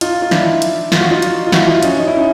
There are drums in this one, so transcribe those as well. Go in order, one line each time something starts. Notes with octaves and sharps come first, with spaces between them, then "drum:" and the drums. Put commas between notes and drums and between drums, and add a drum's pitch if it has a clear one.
D#4 F4, drum: hi-hat
F4
D4 E4, drum: snare
drum: hi-hat
F4, drum: snare
F#4
D#4 F4
drum: hi-hat
F4
E4 F#4, drum: snare
D#4 F4
C#4 D#4, drum: hi-hat
D#4
E4
C#4 D#4